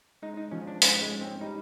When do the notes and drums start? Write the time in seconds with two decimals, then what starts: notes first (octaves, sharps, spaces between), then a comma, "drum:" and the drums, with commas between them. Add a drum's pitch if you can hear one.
0.22 G#3 D#4
0.37 D#4
0.51 F3 C#4
0.67 D4
0.82 G#2 C#4, drum: open hi-hat
1.01 G#3
1.11 C#4
1.21 C4
1.41 G3 D#4